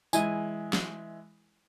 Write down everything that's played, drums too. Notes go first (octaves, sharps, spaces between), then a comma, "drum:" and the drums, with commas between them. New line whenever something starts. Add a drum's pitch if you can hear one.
E3 G#3 E4 G#5, drum: tambourine
drum: snare